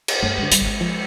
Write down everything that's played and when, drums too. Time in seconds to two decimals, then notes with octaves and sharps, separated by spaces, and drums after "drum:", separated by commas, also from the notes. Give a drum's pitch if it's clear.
0.08 drum: cymbal
0.22 G2 A3
0.38 D3 G#3
0.52 G3, drum: hi-hat
0.61 G#1 G#3
0.81 F3